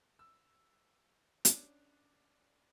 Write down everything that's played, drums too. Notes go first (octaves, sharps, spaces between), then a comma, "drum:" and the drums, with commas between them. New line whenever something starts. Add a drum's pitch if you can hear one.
E6
C#4 D4, drum: hi-hat